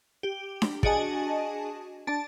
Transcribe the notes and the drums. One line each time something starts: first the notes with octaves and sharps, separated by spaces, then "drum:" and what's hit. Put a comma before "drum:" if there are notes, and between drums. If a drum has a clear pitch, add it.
G4
drum: snare D4
D4 F#4 G#4 D#5 G#5 A5, drum: kick
D4 A5